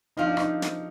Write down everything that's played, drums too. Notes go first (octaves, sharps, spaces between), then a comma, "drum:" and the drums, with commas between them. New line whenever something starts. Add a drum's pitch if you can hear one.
F3 C4 D#4 F4
D4
D#4, drum: rim click
drum: snare